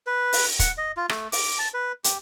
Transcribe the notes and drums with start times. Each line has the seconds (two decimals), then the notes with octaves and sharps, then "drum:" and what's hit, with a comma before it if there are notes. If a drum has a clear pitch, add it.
0.07 B4
0.33 drum: open hi-hat
0.59 F#5, drum: kick, hi-hat
0.78 D#5
0.97 F4
1.09 A3, drum: rim click
1.32 D6, drum: open hi-hat
1.59 A5
1.74 B4
2.04 G4, drum: hi-hat